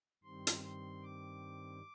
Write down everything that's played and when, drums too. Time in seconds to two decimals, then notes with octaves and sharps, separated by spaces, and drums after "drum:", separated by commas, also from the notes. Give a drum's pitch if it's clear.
0.24 G2 D#3 G3 C4 C6
0.47 drum: hi-hat
0.63 C6
1.03 D6